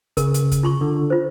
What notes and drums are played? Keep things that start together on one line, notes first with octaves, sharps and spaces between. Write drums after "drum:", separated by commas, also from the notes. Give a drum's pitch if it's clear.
C#3 A#4, drum: kick, hi-hat
drum: hi-hat
drum: kick, hi-hat
F4 C6 C#6
D3
F4 C5